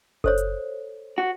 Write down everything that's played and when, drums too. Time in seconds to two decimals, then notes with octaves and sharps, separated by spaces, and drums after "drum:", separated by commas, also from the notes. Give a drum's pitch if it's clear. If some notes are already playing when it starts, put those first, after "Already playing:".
0.24 A4 C5 C#5, drum: kick F#1
0.38 drum: hi-hat
1.18 F#4